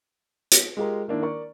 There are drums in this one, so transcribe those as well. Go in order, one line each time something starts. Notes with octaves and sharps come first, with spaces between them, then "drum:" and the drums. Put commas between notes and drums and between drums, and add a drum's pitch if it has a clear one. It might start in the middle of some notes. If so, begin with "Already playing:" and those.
drum: hi-hat
G#3 F4 G4 G#4 A#4
D#3 A#3 D4 E4
A#4 D5 C#6